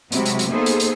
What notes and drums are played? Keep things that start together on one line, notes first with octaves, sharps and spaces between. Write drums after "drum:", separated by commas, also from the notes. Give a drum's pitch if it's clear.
C3 F#3 G#3 A3 E4 F#4, drum: hi-hat
drum: hi-hat
drum: hi-hat
A#3 B3 D#4 G#4 A4 C5
drum: hi-hat
drum: hi-hat